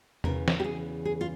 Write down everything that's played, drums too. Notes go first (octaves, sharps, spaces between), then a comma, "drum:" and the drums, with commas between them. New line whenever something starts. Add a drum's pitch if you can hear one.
E2 C#3 E3 A#4, drum: tom
drum: snare
G4
G#4
G#4
F4